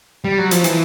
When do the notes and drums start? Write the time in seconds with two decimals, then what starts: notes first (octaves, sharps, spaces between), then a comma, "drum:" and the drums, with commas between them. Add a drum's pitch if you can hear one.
0.24 G3
0.38 F#3
0.51 F3, drum: hi-hat
0.64 E3, drum: hi-hat